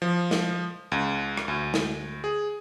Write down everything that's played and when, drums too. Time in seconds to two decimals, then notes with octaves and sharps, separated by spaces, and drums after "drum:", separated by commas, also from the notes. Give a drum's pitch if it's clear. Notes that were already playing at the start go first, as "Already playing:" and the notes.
0.02 F3
0.31 drum: snare
0.92 C#2
1.37 drum: rim click
1.48 D2
1.74 drum: snare
2.24 G#4